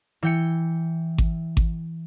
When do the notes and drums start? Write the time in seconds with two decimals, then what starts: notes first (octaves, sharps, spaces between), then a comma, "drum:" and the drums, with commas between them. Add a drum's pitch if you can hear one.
0.22 E3 G5 C#7
1.18 drum: kick G#1
1.57 drum: kick G#1